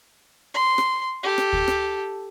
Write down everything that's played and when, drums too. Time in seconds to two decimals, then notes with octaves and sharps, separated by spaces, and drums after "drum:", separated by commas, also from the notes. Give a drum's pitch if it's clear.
0.54 C6
0.78 drum: rim click
1.23 G4 A4
1.38 drum: rim click
1.53 drum: kick
1.68 drum: rim click